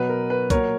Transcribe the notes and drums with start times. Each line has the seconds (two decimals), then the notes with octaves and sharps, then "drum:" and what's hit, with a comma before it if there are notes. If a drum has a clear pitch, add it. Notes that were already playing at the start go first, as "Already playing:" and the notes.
Already playing: B2 F#3 B4
0.09 A#4
0.30 B4
0.50 A#2 F#3 A#4 C#5, drum: kick, hi-hat